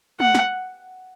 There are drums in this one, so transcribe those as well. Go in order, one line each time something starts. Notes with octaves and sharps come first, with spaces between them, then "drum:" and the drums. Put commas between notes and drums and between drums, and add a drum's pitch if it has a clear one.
F#5, drum: tom
drum: snare